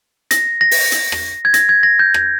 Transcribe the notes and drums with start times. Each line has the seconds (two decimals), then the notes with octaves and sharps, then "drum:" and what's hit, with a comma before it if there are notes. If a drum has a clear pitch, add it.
0.31 A#6, drum: hi-hat
0.61 A#6
0.71 drum: open hi-hat
0.92 drum: hi-hat
1.12 drum: rim click
1.45 G#6
1.54 A#6, drum: hi-hat
1.69 G#6
1.83 A#6
1.99 G6
2.14 drum: rim click